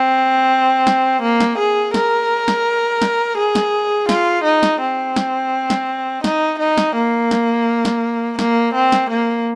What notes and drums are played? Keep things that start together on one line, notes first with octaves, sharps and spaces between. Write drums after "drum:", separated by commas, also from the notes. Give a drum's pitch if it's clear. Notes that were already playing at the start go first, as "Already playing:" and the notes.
Already playing: C4
drum: snare
A#3
drum: snare
G#4
A#4, drum: snare
drum: snare
drum: snare
G#4
drum: snare
F4, drum: snare
D#4
drum: snare
C4
drum: snare
drum: snare
D#4, drum: snare
D#4
drum: snare
A#3
drum: snare
drum: snare
A#3, drum: snare
C4
drum: snare
A#3